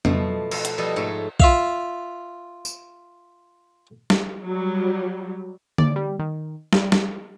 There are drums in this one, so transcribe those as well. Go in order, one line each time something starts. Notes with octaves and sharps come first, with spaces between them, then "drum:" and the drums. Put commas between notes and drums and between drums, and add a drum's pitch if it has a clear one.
B2 F3 A3, drum: tom
F4 A4, drum: cymbal
drum: hi-hat
B2 F3 G3 A4 D#5
G#2 A3 A4 C#5
F4 E5 F5, drum: kick A#1
drum: tambourine
drum: snare
F#3 G3
D5, drum: tom D3
G3
D#3
G3, drum: snare
drum: snare